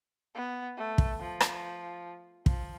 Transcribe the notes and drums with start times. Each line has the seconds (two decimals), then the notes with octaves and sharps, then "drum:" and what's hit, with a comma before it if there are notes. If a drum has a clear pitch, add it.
0.35 B3
0.77 A3
0.98 drum: kick
1.20 F3
1.40 drum: rim click
2.46 F3, drum: kick